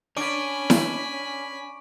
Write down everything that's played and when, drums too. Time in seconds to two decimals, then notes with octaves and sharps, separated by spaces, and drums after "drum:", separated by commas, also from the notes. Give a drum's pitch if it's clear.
0.17 C#4 D4 G#5 B5 C#6 D6 D7
0.70 drum: snare E4